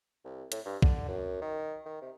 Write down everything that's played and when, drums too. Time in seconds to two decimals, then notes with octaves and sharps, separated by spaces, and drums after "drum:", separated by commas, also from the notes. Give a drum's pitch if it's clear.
0.25 C2
0.52 A2, drum: hi-hat
0.65 G2
0.82 D3, drum: kick
1.08 F#2
1.42 D#3
1.86 D#3
2.01 C3